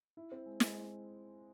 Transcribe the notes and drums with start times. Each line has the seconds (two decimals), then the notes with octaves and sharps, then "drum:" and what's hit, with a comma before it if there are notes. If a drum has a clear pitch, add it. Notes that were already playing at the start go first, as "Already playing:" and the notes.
0.17 E4
0.32 C4
0.46 G#3
0.60 G#3, drum: snare